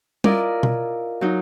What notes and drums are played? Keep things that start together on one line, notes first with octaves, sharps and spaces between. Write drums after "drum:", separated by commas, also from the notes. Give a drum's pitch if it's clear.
E4 F4 A#4 D5 D#5, drum: tom
drum: tom B2
F#3 D#4